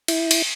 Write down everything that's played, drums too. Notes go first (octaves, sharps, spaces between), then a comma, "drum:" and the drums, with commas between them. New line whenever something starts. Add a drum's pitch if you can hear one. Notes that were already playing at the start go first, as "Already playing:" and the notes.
E4, drum: cymbal
drum: cymbal